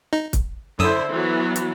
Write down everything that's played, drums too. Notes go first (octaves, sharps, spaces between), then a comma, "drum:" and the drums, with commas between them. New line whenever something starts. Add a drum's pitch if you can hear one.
D#4
drum: kick, hi-hat
F#2 D3 E4 C5 D#6 E6
E3 F#3 B3
drum: hi-hat